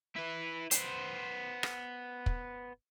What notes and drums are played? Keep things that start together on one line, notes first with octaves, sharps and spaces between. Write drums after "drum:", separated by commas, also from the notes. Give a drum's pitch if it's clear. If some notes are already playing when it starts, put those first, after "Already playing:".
E4 B4
B3 C5, drum: hi-hat
drum: rim click
drum: kick